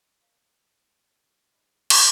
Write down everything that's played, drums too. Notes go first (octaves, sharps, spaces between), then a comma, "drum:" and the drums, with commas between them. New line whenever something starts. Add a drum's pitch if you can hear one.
A#4 C#5 D#5 F5
A2
D#2
G#2 D5 D#5 B5
drum: cymbal